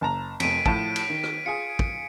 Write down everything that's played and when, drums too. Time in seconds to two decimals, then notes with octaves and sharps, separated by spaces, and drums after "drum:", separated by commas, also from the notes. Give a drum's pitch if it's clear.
0.01 F#1 A5 A#5
0.40 F1 F2 B6 D7 D#7, drum: cymbal
0.66 A2 F3 A5, drum: kick
0.96 drum: cymbal
1.10 D#3
1.24 drum: rim click
1.46 F4 G#4 G#5 C#7
1.79 drum: kick